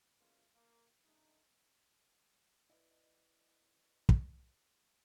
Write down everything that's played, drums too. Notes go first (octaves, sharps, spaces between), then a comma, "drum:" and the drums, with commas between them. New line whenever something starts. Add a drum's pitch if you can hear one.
E3 G#3 A#3 B3 C#4 F4
A#3
D3 G3 A3 C#4 D#4
E4 B4 D5 D#5
drum: kick